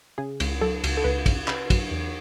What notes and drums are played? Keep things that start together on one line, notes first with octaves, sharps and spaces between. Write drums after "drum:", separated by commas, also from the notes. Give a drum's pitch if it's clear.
C#3 G#4
C#2, drum: cymbal
F#3 A4
C#2, drum: cymbal
A4
C#2 B4
C#3, drum: kick, cymbal
C#3 B4, drum: clap
F#3, drum: kick, cymbal
E2